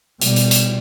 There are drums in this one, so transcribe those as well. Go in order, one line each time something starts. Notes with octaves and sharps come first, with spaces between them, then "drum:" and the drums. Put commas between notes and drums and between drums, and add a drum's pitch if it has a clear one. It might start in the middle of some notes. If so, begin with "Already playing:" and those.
B2 G3, drum: hi-hat
drum: hi-hat
drum: hi-hat